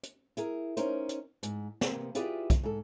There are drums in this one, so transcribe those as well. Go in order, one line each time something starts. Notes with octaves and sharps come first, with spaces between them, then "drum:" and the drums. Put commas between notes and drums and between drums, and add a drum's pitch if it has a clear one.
drum: hi-hat
E4 G#4 A#4, drum: hi-hat
C#4 D#4 A#4 C5, drum: hi-hat
drum: hi-hat
G#2, drum: hi-hat
C3 A#3 B3, drum: snare
E4 F4 G4 G#4 B4 D5, drum: hi-hat
drum: kick, hi-hat
G#2 A4